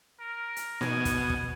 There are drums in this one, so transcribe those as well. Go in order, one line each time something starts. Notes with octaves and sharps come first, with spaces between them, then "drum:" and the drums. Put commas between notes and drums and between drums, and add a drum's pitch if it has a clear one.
A#4
drum: hi-hat
B2 G#5, drum: snare
drum: kick, hi-hat
drum: kick